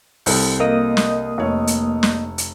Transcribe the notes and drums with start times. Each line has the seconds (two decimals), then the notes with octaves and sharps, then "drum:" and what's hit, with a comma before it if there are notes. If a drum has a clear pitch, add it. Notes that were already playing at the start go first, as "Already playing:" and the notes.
0.26 C2 C4 A4, drum: open hi-hat
0.60 A#3 D#5 D#6
0.97 drum: snare
1.38 F1 C#5
1.67 drum: hi-hat
2.03 drum: snare
2.38 drum: hi-hat